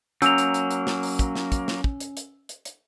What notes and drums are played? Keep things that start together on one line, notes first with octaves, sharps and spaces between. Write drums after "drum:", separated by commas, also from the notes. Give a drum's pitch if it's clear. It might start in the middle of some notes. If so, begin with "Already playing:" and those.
F#3 A#3 C#4 E6 F7, drum: hi-hat
drum: hi-hat
drum: hi-hat
drum: hi-hat
drum: snare
drum: open hi-hat
drum: kick, hi-hat
drum: snare
drum: kick, hi-hat
drum: snare
drum: kick
drum: hi-hat
drum: hi-hat
drum: hi-hat
drum: hi-hat